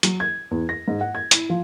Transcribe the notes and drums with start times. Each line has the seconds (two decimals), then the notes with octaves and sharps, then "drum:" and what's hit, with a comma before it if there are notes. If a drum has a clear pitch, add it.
0.03 F#3, drum: hi-hat
0.20 G#6
0.51 E2
0.69 A#6
0.88 G#2
1.01 F#5
1.15 G#6
1.31 E4, drum: hi-hat
1.50 F3